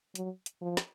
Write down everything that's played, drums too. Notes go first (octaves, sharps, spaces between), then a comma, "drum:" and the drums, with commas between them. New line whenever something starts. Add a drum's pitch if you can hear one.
F#3, drum: hi-hat
drum: hi-hat
F3
drum: snare